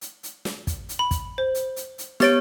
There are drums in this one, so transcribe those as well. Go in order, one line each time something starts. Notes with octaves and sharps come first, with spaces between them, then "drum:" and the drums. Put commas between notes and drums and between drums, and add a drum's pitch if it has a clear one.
drum: hi-hat
drum: hi-hat
drum: snare
drum: kick, hi-hat
drum: hi-hat
B5
drum: kick, hi-hat
C5
drum: hi-hat
drum: hi-hat
drum: hi-hat
B3 G4 C#5 A6 D7, drum: snare